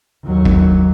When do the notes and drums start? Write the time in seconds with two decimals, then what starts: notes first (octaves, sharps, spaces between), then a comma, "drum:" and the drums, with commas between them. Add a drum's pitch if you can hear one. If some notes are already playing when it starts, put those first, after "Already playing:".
0.25 D#2 F#3
0.45 drum: kick